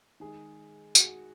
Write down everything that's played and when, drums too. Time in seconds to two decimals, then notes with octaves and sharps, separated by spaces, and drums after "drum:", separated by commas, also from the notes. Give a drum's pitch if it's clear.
0.20 D#3 G#3 G#4
0.95 F#4, drum: tambourine
1.02 G#4